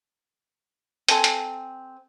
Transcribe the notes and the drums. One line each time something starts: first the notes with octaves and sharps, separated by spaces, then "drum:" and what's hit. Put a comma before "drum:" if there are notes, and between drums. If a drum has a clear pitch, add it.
C4 A4 G#5, drum: hi-hat
drum: hi-hat